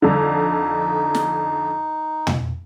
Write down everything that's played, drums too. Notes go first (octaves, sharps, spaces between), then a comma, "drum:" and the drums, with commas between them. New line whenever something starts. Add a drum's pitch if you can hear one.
F2 D3 D#4
drum: snare
drum: tom